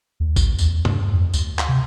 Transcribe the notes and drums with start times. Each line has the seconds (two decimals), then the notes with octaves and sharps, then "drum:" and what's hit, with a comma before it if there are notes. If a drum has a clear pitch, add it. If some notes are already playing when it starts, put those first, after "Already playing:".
0.20 D#2
0.36 D2, drum: kick A1, tambourine
0.59 E2, drum: tambourine
0.85 G2, drum: tom C3
1.13 F2
1.34 D2, drum: tambourine
1.59 drum: clap
1.68 C3